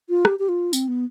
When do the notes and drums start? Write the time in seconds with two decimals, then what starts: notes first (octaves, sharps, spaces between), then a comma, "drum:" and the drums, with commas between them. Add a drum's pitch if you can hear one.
0.09 F4
0.25 G4, drum: rim click
0.39 G4
0.49 F4
0.73 C4, drum: tambourine
0.88 B3